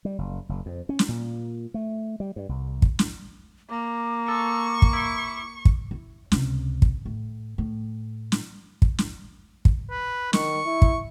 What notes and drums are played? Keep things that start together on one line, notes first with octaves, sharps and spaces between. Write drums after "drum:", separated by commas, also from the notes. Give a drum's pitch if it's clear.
G3
F#1
F#1
F2
C#4
drum: snare
A#2
A3
G3
G2
C2
drum: kick
drum: snare
A#3 D6
A4 C#6
drum: kick
E4
drum: kick
E4
C#2 C3, drum: snare
drum: kick
A2
A2
drum: snare
drum: kick
drum: snare
drum: kick
B4
D#3 C#6, drum: snare
E4
drum: kick